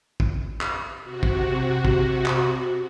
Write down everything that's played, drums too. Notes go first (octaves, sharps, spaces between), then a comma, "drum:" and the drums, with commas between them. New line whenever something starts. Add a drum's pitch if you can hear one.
drum: kick
drum: clap
C3 F#4
drum: kick
drum: kick
drum: clap